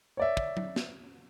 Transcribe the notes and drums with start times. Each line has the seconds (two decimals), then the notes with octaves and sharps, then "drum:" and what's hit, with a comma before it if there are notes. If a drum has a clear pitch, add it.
0.17 C#5 D5 E5
0.37 drum: kick
0.57 drum: tom F#3
0.76 drum: snare